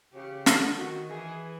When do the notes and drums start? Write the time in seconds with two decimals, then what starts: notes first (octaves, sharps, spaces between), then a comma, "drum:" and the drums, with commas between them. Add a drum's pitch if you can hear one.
0.13 C#3 G4
0.46 D3, drum: snare
0.78 D#3 F#4
1.10 E3 G#4